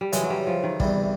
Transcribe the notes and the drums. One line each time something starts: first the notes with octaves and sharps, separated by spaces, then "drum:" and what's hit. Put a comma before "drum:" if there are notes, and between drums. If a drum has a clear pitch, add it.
G3
F#2 C#3 E3 G#3, drum: hi-hat
F#3
G3
F3
D#3
E2 C3 E3 G3, drum: kick